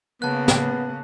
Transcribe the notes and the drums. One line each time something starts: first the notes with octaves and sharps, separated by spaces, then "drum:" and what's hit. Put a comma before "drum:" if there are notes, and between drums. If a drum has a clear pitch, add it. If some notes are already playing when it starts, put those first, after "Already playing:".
C#3 A#3 B3 A5 F#6
drum: snare